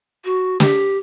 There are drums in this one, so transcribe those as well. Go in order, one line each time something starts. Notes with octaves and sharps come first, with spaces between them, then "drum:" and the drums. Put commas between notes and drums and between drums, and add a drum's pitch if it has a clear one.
F#4
G4, drum: snare